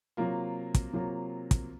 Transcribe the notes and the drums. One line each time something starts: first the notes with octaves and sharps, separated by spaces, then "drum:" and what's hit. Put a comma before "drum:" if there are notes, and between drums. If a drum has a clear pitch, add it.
C3 F#3 A#3 F4
drum: kick, hi-hat
C3 F#3 A#3 F4
drum: kick, hi-hat